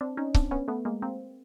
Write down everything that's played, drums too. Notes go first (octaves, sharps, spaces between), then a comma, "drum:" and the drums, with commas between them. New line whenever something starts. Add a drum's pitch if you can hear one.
C4 D4
C#4 D#4
C4 D4, drum: kick C#1
B3 C#4
A3 B3
G#3 A#3
A#3 C4